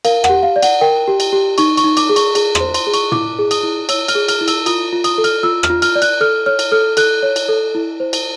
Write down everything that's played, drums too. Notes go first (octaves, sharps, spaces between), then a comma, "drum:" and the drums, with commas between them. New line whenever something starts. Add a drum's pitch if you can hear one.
A#4 F5, drum: cymbal
F#5, drum: rim click
G4
F5
D5
F#5, drum: cymbal
A#4 G5
G4
drum: cymbal
G4
D#4 C#6, drum: cymbal
C#6, drum: cymbal
D#4
D6, drum: cymbal
G#4
C#6, drum: cymbal
G#4, drum: cymbal
C6, drum: rim click
C5
C6, drum: cymbal
G#4
C#6, drum: cymbal
E4 D6, drum: tom
G#4
D#6, drum: cymbal
E4
C#5 E6, drum: cymbal
F6, drum: cymbal
G#4
F6, drum: cymbal
E4
E6, drum: cymbal
F4 D#6, drum: cymbal
F4
D#6, drum: cymbal
A4
F6, drum: cymbal
F4 E6
F6, drum: rim click
F4
F6, drum: cymbal
D5
F#6, drum: cymbal
A4 F6
C#5 F6
drum: cymbal
A4 F6
A4 F#6, drum: cymbal
C#5
drum: cymbal
A4
E4
C5
drum: cymbal